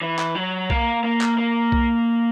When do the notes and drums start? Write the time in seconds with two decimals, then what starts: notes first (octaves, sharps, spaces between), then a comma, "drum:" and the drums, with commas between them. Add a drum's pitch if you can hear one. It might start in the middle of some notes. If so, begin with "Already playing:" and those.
0.01 E3
0.19 drum: clap
0.35 F#3
0.70 A#3, drum: kick B1
1.04 A#3
1.21 drum: clap
1.38 A#3
1.72 drum: kick B1